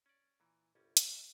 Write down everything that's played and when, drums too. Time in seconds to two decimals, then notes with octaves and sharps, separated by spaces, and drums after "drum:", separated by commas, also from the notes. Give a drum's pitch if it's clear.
0.06 C#4 D5
0.40 A#2 E3
0.75 G1 C2 G3 C#4
0.97 F2 C#3 G4 C#5 G5 G#5, drum: hi-hat